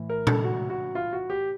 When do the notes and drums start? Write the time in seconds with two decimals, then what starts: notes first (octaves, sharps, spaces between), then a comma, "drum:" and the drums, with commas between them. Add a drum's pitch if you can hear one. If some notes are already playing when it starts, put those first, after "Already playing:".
Already playing: A2 E3
0.10 A#4
0.27 A4, drum: tom A#2
0.44 F#4
0.70 F#4
0.95 F4
1.13 F#4
1.30 G4